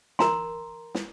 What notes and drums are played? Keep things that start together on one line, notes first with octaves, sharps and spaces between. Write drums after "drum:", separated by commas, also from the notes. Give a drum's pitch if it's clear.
A#4 A#5 C6, drum: snare
drum: snare